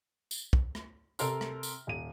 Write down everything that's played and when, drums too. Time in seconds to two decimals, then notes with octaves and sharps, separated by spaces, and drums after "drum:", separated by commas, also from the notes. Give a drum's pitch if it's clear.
0.31 drum: tambourine
0.53 drum: kick
0.75 drum: rim click
1.19 C3 A4 A#4 A#5 C6 F6, drum: tambourine
1.41 drum: rim click
1.63 drum: tambourine
1.87 D#1 D#7